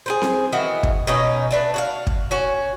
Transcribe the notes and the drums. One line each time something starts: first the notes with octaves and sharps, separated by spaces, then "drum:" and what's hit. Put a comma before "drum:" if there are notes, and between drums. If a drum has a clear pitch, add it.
G#4 B4 C5
drum: snare C4
D#3 E3 B3 F#4
drum: kick
B2 C#4 D#4
A3 D4 B4
F#4 C#5 F5
drum: kick
C#4 F#4